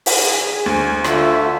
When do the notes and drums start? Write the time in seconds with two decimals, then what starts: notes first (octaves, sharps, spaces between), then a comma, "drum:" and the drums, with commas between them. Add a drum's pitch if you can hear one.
0.06 drum: open hi-hat
0.24 G#4
0.66 D2 G#5
1.04 D3 A3 F4 E5, drum: rim click